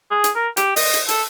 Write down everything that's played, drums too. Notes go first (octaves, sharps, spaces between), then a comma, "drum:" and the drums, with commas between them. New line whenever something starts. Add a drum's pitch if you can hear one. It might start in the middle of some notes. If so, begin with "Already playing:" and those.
G#4
drum: hi-hat
A#4
G4, drum: hi-hat
D#5, drum: open hi-hat
drum: hi-hat
A4, drum: hi-hat